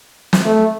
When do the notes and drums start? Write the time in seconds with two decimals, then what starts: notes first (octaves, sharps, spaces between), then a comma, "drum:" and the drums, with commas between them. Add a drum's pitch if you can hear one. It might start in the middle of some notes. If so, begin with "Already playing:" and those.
0.33 drum: snare
0.45 A3